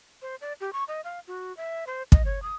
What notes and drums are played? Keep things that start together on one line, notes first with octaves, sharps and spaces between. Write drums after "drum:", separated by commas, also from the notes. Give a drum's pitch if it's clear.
C5
D5
G4
C#6
D#5
F5
F#4
E5
C5
D#5, drum: kick
C#5
D#6